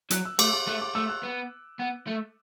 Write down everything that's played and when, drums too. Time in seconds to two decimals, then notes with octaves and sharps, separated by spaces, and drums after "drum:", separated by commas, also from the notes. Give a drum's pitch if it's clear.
0.10 F#3 F#6, drum: hi-hat
0.25 E6
0.39 A3 D6, drum: cymbal
0.53 D6
0.67 A3 F#6
0.81 D6
0.95 A3 E6
1.09 F#6
1.23 B3
1.79 B3
2.07 A3